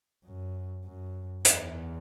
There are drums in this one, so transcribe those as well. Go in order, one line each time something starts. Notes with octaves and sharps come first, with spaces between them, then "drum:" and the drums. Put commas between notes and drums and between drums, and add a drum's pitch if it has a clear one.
F#2
F#2
E2, drum: hi-hat